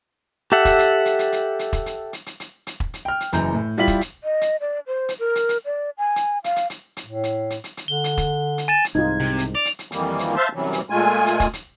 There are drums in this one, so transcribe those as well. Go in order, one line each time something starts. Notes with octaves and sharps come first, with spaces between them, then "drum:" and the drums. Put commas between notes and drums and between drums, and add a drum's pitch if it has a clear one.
G4 A4 E5 F#5
drum: kick E1, hi-hat
drum: hi-hat
drum: hi-hat
drum: hi-hat
drum: hi-hat
drum: hi-hat
drum: kick E1, hi-hat
drum: hi-hat
drum: hi-hat
drum: hi-hat
drum: hi-hat
drum: hi-hat
drum: kick E1
drum: hi-hat
G5 F6
drum: hi-hat
F#1 F#2 E3 A#5 G6, drum: hi-hat
A2
G3 E4 F4 G4 B6 F#7
drum: kick E1, hi-hat
drum: hi-hat
D#5
drum: hi-hat
D5
C5
drum: hi-hat
A#4
drum: hi-hat
drum: hi-hat
D5
G#5
drum: hi-hat
F5, drum: hi-hat
drum: hi-hat
drum: hi-hat
drum: hi-hat
A2
drum: hi-hat
drum: hi-hat
drum: hi-hat
drum: hi-hat
D3 G7
drum: hi-hat
drum: kick E1, hi-hat
drum: hi-hat
G#5 A6 E7
drum: hi-hat
C2 G#2 D#4 F4 G#6
C3
drum: hi-hat
D5 F7
drum: hi-hat
drum: hi-hat
F2 D#3 E3 G3 A#3, drum: hi-hat
drum: hi-hat
C5 E5 F5 A5 C6
F#2 C3 E3 F#3 G3
drum: hi-hat
A#2 G#3 A3 F4 G#5
drum: hi-hat
drum: kick E1, hi-hat
drum: hi-hat